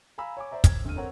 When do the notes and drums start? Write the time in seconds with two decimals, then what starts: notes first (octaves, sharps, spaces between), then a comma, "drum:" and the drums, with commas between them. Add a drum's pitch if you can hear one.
0.18 F5 G#5 A#5 B5 E6
0.37 C#5 G#5 D6
0.51 C5 D5 E5 A#5
0.64 G#6, drum: kick, hi-hat
0.85 G1 D2 D3 F6 D#7
0.96 C4 A#4 C#5 F#5